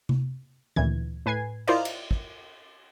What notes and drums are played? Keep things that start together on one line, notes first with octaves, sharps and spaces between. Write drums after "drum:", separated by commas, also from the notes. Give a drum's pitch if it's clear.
drum: tom C3
D2 A#2 E3 G#6, drum: tom D#3
A2 B4 G#5 G#6 C7
E4 F4 A#4 C5 D5 D#5, drum: cymbal
drum: cymbal
drum: kick